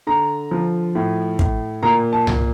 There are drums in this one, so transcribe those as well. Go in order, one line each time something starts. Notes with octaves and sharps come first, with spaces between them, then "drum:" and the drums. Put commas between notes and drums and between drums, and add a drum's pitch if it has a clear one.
D3 A#5
F3
A2
A2, drum: kick
A#2 A#5
A5
A#2, drum: tom C2